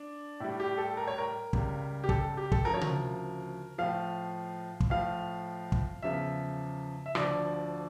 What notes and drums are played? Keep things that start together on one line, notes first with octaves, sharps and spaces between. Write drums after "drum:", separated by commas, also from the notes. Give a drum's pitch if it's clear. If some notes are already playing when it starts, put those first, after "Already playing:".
Already playing: D4
A2 G3 E4
G4
A4
A#4
C#5
A#4
C#2 C#3 G3, drum: kick
G4
A4, drum: kick
G4
A4, drum: kick
D2 C#3 F3 A#4
C#5
A#4, drum: tom C3
A2 F3 F5
drum: kick
A2 F3 F5
drum: kick
E2 C#3 F3 E5
E5
D2 D3 F3 D5, drum: rim click